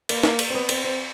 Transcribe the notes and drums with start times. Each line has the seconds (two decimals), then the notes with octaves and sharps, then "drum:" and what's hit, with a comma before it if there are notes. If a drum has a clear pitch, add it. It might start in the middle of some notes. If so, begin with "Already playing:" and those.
0.09 A#3, drum: cymbal
0.23 A#3, drum: snare
0.39 drum: cymbal
0.50 C4
0.55 B3
0.69 C4, drum: cymbal
0.84 C4